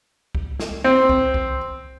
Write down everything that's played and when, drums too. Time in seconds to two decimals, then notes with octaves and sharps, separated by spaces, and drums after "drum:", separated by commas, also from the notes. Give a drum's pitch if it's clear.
0.35 drum: kick C2
0.60 drum: snare
0.84 C4
1.09 drum: kick C2
1.34 drum: kick C2